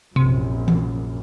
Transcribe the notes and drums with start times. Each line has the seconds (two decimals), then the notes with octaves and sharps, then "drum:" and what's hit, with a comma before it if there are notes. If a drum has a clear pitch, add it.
0.16 A#1 F#2 C3
0.68 drum: tom E3